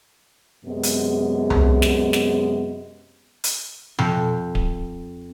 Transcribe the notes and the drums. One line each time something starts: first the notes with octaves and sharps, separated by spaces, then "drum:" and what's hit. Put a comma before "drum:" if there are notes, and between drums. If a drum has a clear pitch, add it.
F#2 C3 G#3 B3
drum: hi-hat
drum: tom C2
drum: snare
drum: snare
drum: hi-hat
F2, drum: tom B2
drum: kick D1